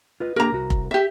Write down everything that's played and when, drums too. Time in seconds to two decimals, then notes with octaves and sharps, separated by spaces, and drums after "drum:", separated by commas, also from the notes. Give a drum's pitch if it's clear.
0.20 F4 B4 D#5
0.36 A#3 D4 G4 A#4 A#5
0.52 C2 F#4
0.70 drum: kick F1
0.91 G4 E5